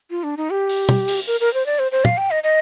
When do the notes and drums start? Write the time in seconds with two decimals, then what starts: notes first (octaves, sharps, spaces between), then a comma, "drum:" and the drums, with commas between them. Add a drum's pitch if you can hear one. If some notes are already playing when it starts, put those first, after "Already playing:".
0.11 F4
0.24 D4
0.37 D#4
0.50 G4
0.69 drum: open hi-hat
0.89 drum: tom
1.08 drum: open hi-hat
1.27 A#4
1.40 A#4
1.54 C5
1.66 D5
1.79 C5
1.92 C5
2.05 F5, drum: tom
2.18 G5
2.31 D#5
2.44 D#5